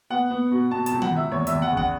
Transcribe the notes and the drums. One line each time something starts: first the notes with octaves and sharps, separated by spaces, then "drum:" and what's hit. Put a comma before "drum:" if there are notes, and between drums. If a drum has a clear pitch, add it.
B3 F#5
B3
B2
B2 A5
A5, drum: hi-hat
C#2
F#5, drum: tom
C#2 E5
E2 C#5
E5, drum: hi-hat
E2
F#5
C#3
F#5, drum: kick